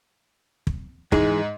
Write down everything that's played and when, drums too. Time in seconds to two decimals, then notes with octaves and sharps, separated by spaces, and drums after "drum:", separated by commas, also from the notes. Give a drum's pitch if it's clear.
0.67 drum: kick
1.12 G#2 E3 G#3, drum: kick